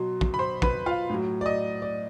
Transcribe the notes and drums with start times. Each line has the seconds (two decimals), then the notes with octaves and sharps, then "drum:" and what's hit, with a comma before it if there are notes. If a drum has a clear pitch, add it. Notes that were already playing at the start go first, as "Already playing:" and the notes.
Already playing: B2 F#3 C6
0.21 drum: kick
0.34 B5
0.39 C5 C6
0.62 B4 B5, drum: kick
0.86 F4 F5
1.10 A2 F#3
1.41 D5
1.46 D#5
1.82 D5